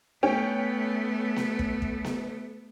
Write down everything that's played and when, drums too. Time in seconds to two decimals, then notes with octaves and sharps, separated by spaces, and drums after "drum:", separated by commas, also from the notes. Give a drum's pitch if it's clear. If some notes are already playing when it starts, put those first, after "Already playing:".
0.23 A3 B3 C#4 G5
1.36 drum: snare B3
1.59 drum: kick
1.82 drum: kick
2.04 drum: snare B3